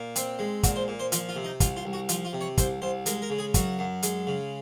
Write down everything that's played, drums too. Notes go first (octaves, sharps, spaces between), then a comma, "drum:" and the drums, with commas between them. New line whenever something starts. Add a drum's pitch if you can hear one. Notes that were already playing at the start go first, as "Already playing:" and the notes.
Already playing: A#2
C4, drum: hi-hat
G#3
A#2 F#4, drum: kick, hi-hat
C5
A#2
C5
F3 F4, drum: hi-hat
F4
C3
D#4
C2 F4, drum: kick, hi-hat
F4
C2
F#4
F3 F4, drum: hi-hat
F4
C3
C#5
C2 C5, drum: kick, hi-hat
C2 C5
G#3 A#4, drum: hi-hat
A#4
C#3
G#4
F#2 F#4, drum: kick, hi-hat
F#2
G#3, drum: hi-hat
C#3